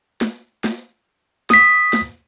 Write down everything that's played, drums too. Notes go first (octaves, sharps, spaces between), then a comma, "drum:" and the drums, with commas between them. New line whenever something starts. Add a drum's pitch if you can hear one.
drum: snare
drum: snare
D#6 B6, drum: snare
drum: snare